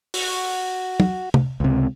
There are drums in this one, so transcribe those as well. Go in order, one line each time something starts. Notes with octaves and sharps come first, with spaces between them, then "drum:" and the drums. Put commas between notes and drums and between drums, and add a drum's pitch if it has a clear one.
F#4, drum: open hi-hat
drum: tom
drum: tom C3
C#2 C3